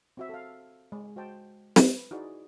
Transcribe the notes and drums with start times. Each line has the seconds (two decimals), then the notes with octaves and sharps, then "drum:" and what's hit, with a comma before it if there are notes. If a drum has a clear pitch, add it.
0.17 C4 F#4 E5
0.29 A4 F5
0.92 G#3
1.16 F#4 C5 D#5 G5 A5
1.76 drum: snare
1.96 B4
2.11 D#4 E4 F#4 G#4 D5